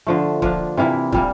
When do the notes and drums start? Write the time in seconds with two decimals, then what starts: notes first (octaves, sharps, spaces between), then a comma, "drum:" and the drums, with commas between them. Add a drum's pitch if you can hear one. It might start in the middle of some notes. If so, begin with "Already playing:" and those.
0.07 D3 F3 A3
0.42 F3 A#3 D4, drum: kick
0.77 C3 E3 A#3 E4
1.12 A#2 G3 A#3, drum: kick